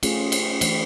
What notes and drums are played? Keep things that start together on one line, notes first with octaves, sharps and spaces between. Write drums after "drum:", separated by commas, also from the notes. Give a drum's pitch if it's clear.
A3 C#4 F4 G#4, drum: cymbal
drum: cymbal
E3 A3 D4, drum: cymbal